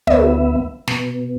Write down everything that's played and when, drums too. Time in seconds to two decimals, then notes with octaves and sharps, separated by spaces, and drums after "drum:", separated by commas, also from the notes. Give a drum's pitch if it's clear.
0.07 D2 B3 E5, drum: tom
0.88 B2, drum: snare